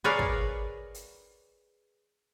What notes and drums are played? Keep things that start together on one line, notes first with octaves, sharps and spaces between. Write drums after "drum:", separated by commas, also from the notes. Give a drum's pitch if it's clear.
G#4 A#4 B4 C#5 D5 F5
drum: kick
drum: hi-hat